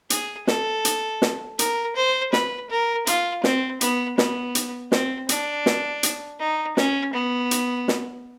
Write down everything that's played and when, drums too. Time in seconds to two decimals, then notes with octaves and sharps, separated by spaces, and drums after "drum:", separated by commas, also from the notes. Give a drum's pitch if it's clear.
0.10 G#4, drum: hi-hat
0.47 A4, drum: snare
0.85 drum: hi-hat
1.22 drum: snare
1.59 A#4, drum: hi-hat
1.96 C5
2.33 B4, drum: snare
2.70 A#4
3.07 F4, drum: hi-hat
3.44 C4, drum: snare
3.81 B3, drum: hi-hat
4.18 B3, drum: snare
4.55 drum: hi-hat
4.92 C4, drum: snare
5.29 D4, drum: hi-hat
5.66 drum: snare
6.03 drum: hi-hat
6.40 D#4
6.77 C#4, drum: snare
7.13 B3
7.51 drum: hi-hat
7.88 drum: snare